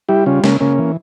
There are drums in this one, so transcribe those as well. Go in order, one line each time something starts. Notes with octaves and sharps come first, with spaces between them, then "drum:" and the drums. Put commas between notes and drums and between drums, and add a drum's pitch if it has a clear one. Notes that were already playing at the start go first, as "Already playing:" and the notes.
G3 E4 G4
C#3 C#4 F4
C#3 A#3 C#4, drum: snare
C#3 A#3 C#4
E3